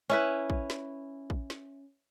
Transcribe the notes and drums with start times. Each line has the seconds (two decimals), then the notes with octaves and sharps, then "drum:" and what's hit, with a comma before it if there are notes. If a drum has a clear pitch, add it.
0.10 C#4 E4 B4
0.50 drum: kick
0.70 drum: snare
1.30 drum: kick
1.50 drum: snare